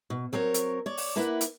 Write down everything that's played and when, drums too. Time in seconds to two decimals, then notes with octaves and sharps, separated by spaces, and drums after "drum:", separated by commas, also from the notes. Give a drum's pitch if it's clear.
0.10 B2
0.33 F#3 C4 A#4 C#5
0.54 drum: hi-hat
0.86 C#5 D5
0.97 drum: open hi-hat
1.16 A#3 D4 E4 B4 F#5
1.41 drum: hi-hat